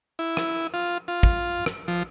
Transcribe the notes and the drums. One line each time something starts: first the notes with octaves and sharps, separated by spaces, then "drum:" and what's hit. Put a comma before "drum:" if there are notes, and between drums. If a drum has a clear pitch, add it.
E4
drum: rim click
F4
F4
drum: kick
drum: rim click
F3